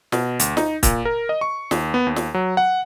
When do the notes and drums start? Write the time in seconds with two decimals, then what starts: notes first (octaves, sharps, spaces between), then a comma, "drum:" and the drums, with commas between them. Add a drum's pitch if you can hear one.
0.12 B2, drum: snare
0.39 D2, drum: hi-hat
0.57 D#4, drum: snare
0.83 A#2, drum: kick C#1, hi-hat
1.05 A#4
1.29 D#5
1.41 C#6
1.71 D#2, drum: snare
1.94 B3
2.07 D#2
2.16 drum: snare
2.34 F#3
2.57 F#5